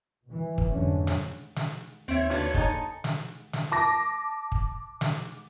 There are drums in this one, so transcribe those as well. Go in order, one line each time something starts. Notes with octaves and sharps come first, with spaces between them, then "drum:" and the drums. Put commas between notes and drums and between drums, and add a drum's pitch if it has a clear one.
B2 E3
drum: kick
F2 G#2 D3 F#3 A3 C#4
drum: snare
drum: snare
D#2 C4 C#5 E5
D3 B3 F4 F#4
G#3 D#4 A4, drum: kick
drum: snare
drum: snare
A5 D6 A#6
drum: kick
drum: snare